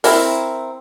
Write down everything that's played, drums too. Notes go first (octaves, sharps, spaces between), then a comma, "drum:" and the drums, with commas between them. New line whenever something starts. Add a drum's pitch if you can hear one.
C4 E4 A#4, drum: open hi-hat